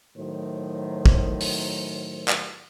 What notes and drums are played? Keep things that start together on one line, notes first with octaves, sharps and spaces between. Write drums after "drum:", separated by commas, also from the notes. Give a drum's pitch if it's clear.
A2 D#3 F#3 C5
drum: kick
drum: open hi-hat
drum: clap